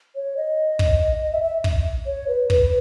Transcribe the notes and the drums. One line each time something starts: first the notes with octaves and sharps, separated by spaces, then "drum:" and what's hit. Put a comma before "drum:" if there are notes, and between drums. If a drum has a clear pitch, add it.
C#5
D#5
drum: kick
D#5
E5
E5
drum: kick
C#5
B4
B4, drum: kick